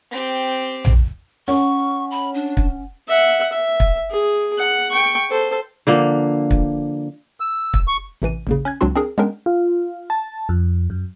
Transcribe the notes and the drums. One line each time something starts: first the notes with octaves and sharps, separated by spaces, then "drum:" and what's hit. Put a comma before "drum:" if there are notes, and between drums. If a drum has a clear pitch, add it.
C4 G4
drum: tom A#1
C#4 F#5 C#6
B5
D4
drum: kick
E5 F#5
E5
drum: kick
G#4
F#5
G5 C#6
A4 C5
D3 F3 A#3
drum: kick
E6
drum: kick
C#6
A1 C3 E3 D#7
A1 D#2 C#3
C#4 F#6 G#6
C#2 F#3 C4 D4 F#4 C6
C4 D4 G#4 A#4
G#3 B3 C#4 D4 A#4 G5
F4
A5
F2
F#2